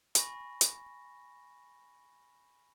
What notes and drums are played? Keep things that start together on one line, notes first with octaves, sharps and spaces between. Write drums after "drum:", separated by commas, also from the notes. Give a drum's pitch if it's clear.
G#5 B5 C#6 A#6, drum: hi-hat
drum: hi-hat